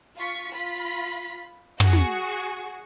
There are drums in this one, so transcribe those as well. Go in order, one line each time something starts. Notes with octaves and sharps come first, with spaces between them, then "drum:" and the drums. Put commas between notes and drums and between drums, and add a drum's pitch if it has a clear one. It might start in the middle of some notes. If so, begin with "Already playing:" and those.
F4 C#6 B6
F4 B5 B6
F#4 G#4 C#6, drum: tom
drum: snare